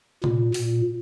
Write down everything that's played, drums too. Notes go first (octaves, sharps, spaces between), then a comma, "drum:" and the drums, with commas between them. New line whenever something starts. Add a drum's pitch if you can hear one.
A#2, drum: tom C3
A#2, drum: open hi-hat